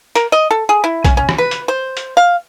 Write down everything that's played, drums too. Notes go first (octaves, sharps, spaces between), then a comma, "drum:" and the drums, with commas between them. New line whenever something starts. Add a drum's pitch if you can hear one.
A#4, drum: hi-hat
D#5
A4
G#4
E4
C#4, drum: kick B1, hi-hat
C#4
drum: rim click
B4
drum: hi-hat
C5
drum: hi-hat
F5